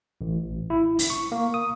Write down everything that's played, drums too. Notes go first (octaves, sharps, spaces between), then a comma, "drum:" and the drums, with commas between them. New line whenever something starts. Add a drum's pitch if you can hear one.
A1
E4
drum: open hi-hat
C#6
A#3
D#6